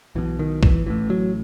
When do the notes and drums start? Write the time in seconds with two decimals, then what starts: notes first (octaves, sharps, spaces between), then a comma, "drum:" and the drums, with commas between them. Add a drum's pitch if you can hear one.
0.15 B1 B2 E3
0.39 D#3
0.63 E3, drum: kick
0.86 A1 A2 E3
1.10 F#3